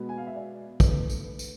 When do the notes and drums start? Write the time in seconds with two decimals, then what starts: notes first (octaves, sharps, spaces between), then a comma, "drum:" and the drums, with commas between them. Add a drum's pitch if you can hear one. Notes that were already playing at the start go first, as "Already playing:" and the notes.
Already playing: B2 G#3 B3
0.09 G#5
0.18 F5
0.27 E5
0.36 D5
0.80 D3 A3 B4, drum: kick, tambourine
1.10 drum: tambourine
1.24 B4
1.39 drum: tambourine